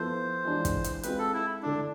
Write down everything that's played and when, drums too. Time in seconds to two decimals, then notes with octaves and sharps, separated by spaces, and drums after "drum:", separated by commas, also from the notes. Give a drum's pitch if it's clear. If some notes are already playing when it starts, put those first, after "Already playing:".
Already playing: F3 B3 E4 A4 C5
0.45 E3 G#3 D4 F4
0.65 drum: kick, hi-hat
0.84 drum: hi-hat
1.03 G#3 C4 F4 G#4 B4, drum: hi-hat
1.18 A4
1.33 E4
1.63 D3 A3 D4 E4